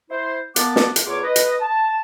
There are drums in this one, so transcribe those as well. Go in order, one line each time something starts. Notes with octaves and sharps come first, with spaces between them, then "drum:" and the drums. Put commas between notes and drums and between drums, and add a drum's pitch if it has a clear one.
E4 C5
A#3 B3 F#5 A5 D6, drum: hi-hat
drum: snare
drum: hi-hat
E2 F4 G#4 C#5 D6
B4 D#5
drum: hi-hat
A5